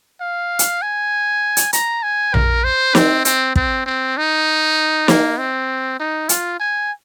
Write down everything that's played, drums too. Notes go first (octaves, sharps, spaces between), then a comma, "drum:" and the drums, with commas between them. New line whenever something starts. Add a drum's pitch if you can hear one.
F5
drum: hi-hat
G#5
drum: hi-hat
A#5, drum: hi-hat
G#5
A#4, drum: tom A#1
C5
C4, drum: snare
C4, drum: hi-hat
C4, drum: kick
C4
D#4
A#3, drum: snare
C4
D#4
F4, drum: hi-hat
G#5